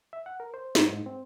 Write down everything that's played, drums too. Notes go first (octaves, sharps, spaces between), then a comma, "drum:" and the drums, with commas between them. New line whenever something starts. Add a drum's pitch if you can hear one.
E5
F#5
A#4
C5
G#2, drum: snare
G#2
C4